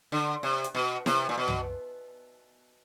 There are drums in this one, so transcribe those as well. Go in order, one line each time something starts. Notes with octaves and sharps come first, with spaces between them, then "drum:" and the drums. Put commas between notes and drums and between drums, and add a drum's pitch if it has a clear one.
D3
C3
drum: hi-hat
B2
C3, drum: snare E4
A#2
B2
drum: tom